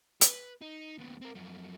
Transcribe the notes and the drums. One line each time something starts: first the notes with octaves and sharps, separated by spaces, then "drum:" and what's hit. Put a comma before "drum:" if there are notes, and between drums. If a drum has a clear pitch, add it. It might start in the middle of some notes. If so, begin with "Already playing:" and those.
B4, drum: hi-hat
D#4
D#2 B2
C4 A#4
F#2 F3